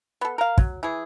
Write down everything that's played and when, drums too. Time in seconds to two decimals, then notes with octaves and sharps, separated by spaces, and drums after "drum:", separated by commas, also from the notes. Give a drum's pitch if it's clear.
0.21 B3 A4
0.38 A#4 F5
0.58 F#3, drum: kick
0.83 E3 G#4